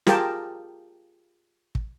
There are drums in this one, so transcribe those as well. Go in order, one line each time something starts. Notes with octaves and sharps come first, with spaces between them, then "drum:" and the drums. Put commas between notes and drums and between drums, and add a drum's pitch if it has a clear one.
F4 G4 G#4 A#4 G5 A5, drum: snare
drum: kick